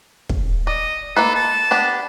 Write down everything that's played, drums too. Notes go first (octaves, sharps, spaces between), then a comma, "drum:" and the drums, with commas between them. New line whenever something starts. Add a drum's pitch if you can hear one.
drum: kick
D5 D#5
A#3 D#4 A4 B4
A5
B3 D4 G4